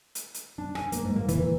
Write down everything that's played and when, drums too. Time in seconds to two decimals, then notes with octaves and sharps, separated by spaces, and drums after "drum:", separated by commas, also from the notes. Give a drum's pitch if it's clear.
0.15 drum: hi-hat
0.34 drum: hi-hat
0.58 D4
0.75 G#5, drum: rim click
0.92 A#3, drum: hi-hat
1.05 G#2
1.16 A#3
1.29 E3, drum: kick, hi-hat
1.43 A#2